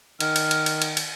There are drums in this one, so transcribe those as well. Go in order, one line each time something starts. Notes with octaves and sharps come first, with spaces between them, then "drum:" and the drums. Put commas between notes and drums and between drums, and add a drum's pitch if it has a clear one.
D#3 F6, drum: cymbal
drum: cymbal
drum: cymbal
drum: cymbal
drum: cymbal
drum: cymbal